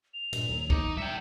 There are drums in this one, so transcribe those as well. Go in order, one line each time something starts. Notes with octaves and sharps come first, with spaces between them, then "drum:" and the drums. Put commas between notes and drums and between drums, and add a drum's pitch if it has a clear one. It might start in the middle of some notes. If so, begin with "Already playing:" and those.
F7
G2 A#2, drum: cymbal
D#2 F#3
D#4 D6, drum: kick
B1
G3 E5 G5 C#7